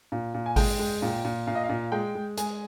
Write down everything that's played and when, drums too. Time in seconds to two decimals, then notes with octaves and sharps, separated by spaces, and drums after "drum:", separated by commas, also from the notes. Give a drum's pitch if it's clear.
0.12 A#2
0.34 A#2
0.46 G#5
0.56 G#3 G5, drum: kick G#1, open hi-hat
0.79 G#3
1.02 A#2
1.25 A#2
1.47 A#2 F5
1.55 D#5
1.63 F5
1.69 A#2
1.92 G#3 G5
2.15 G#3
2.37 G#3 G#5, drum: hi-hat